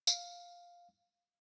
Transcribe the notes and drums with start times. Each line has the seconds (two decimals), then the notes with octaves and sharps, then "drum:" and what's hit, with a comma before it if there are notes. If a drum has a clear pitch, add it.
0.07 F5, drum: tambourine